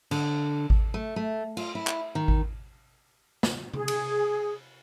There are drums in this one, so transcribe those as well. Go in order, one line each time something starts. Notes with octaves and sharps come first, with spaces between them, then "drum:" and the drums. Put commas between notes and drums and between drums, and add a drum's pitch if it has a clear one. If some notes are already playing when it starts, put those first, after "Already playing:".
D3, drum: cymbal
drum: kick G#1
A3
A3
F4, drum: cymbal
E4
drum: clap
D#3
drum: kick G#1
drum: snare
G#4, drum: tom C3
drum: cymbal